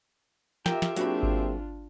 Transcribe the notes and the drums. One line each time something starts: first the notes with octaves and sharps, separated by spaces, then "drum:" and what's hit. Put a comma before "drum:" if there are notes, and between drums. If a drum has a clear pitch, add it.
F4 G4 A#4 E5 G5, drum: snare
drum: snare
F#3 A#3 C4 D4 F4 F#4 G#4 B5, drum: hi-hat
drum: kick G#1